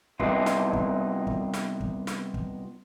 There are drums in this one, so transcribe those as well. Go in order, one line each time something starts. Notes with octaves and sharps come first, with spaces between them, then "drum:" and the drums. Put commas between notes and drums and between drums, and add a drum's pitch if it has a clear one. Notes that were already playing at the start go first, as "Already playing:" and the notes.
C3 G3 B3 D#4 F4, drum: kick
drum: snare
drum: kick
drum: kick
drum: snare
drum: kick
drum: snare
drum: kick